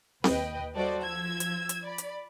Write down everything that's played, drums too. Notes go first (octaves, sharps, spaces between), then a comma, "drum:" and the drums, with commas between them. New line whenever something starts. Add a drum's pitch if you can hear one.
D#2 B4 D#5 G5, drum: snare C4
G3 F#4 A4 C5 D5 D#5
F3 E6 G#6
drum: hi-hat
drum: hi-hat
D5 B5
drum: hi-hat